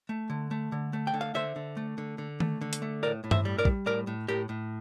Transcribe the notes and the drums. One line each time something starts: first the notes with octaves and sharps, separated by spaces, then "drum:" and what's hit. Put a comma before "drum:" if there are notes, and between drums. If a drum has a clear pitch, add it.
A3
D3
A3
D3
A3
G5
D3
F5
D3 C5 E5
D3
A3
D3
D3
A3, drum: tom D#3
D3
drum: hi-hat
A3
A2 A#4 D5
A2
C5 E5, drum: tom G2
G3
A#4 D5
G3, drum: kick
A2 A#4 D5
A2
A2 G4 A#4
A2